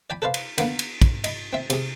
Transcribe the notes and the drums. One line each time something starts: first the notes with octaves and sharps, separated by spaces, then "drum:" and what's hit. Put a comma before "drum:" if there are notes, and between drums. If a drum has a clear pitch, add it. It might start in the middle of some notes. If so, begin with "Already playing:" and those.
D5 G5 G#5 B5
A4 B4 C5 D5 F5
drum: cymbal
D3 A#3 B3, drum: cymbal
drum: cymbal
drum: kick, cymbal
D#5 B5, drum: cymbal
C4 E5
C3 G#4, drum: cymbal